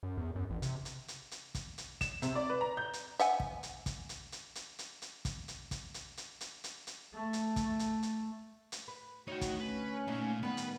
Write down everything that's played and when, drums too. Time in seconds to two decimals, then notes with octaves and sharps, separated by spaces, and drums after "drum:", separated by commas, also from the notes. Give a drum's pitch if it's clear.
0.03 F#2
0.18 E2
0.36 F#2
0.50 A1
0.62 C3, drum: hi-hat
0.85 drum: hi-hat
1.08 drum: hi-hat
1.31 drum: hi-hat
1.55 drum: kick, hi-hat
1.78 drum: hi-hat
2.01 E7, drum: kick, hi-hat
2.22 C3, drum: hi-hat
2.35 D5
2.49 B4
2.61 A#5
2.77 G6
2.93 drum: hi-hat
3.19 E5 F#5 G#5, drum: hi-hat
3.40 drum: kick
3.63 drum: hi-hat
3.86 drum: kick, hi-hat
4.09 drum: hi-hat
4.32 drum: hi-hat
4.55 drum: hi-hat
4.79 drum: hi-hat
5.02 drum: hi-hat
5.25 drum: kick, hi-hat
5.48 drum: hi-hat
5.71 drum: kick, hi-hat
5.94 drum: hi-hat
6.17 drum: hi-hat
6.41 drum: hi-hat
6.64 drum: hi-hat
6.87 drum: hi-hat
7.14 A3
7.33 drum: hi-hat
7.56 drum: kick, hi-hat
7.79 drum: hi-hat
8.03 drum: hi-hat
8.72 drum: hi-hat
8.88 B4
9.27 D2 D#4 F#4 C#5 G5
9.41 drum: kick, hi-hat
9.60 C#4 B4
10.07 A#2 D3 A3 D#4
10.43 D#3 G3 B3 B4
10.57 drum: hi-hat